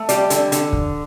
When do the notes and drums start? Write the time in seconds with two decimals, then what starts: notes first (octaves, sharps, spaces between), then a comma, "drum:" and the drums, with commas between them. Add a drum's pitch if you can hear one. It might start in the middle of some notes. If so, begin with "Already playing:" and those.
Already playing: A3
0.09 G3 D5, drum: hi-hat
0.30 D3, drum: hi-hat
0.52 D3, drum: hi-hat
0.73 drum: kick